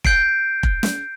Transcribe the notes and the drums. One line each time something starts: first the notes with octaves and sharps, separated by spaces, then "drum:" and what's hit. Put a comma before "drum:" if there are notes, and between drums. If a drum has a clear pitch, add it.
G6 C7 D7, drum: kick F1
drum: kick F1
drum: snare